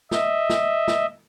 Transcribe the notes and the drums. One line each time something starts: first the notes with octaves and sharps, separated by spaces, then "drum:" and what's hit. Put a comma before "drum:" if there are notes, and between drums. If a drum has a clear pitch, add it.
D#5 E5, drum: snare
drum: snare
drum: snare